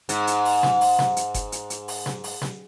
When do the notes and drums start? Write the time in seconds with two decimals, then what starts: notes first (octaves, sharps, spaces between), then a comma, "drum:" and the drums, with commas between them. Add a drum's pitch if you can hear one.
0.09 G#2, drum: hi-hat
0.27 drum: hi-hat
0.45 drum: open hi-hat
0.63 drum: snare
0.81 drum: open hi-hat
0.99 drum: snare
1.17 drum: hi-hat
1.34 drum: kick F#1, hi-hat
1.52 drum: hi-hat
1.70 drum: hi-hat
1.88 drum: open hi-hat
2.06 drum: snare
2.24 drum: open hi-hat
2.41 drum: snare